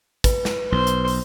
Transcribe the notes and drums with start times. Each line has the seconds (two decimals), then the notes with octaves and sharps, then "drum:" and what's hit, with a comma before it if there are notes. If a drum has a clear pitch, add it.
0.24 B4, drum: kick, hi-hat
0.45 drum: snare
0.72 B1 C5
0.87 drum: hi-hat
1.08 drum: open hi-hat